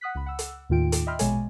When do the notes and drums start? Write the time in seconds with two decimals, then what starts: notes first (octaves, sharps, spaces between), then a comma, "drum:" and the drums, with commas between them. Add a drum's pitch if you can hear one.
0.01 F#5 D#6 F#6 B6
0.15 C#2 B5
0.26 F#5 E6
0.39 drum: hi-hat
0.69 D#2 A2 D#3 F4 G5 D7
0.92 drum: hi-hat
1.07 D#5 E5 G5 B5 C6 F6
1.19 A#1 B2 G#3 C#5 G#5, drum: hi-hat